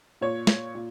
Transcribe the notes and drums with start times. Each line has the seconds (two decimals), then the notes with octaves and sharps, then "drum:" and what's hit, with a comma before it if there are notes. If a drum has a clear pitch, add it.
0.21 A#2 C#5
0.47 drum: snare
0.75 A#2